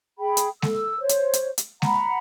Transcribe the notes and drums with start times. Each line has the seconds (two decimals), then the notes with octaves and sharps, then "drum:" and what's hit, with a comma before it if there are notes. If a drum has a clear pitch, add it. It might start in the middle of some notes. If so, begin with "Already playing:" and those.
0.19 G#4 G5 B5
0.37 drum: hi-hat
0.62 A4 E6, drum: snare G#3
0.99 C5 C#5
1.09 drum: hi-hat
1.33 drum: hi-hat
1.58 drum: hi-hat
1.82 F#5 A#5 B5, drum: snare G#3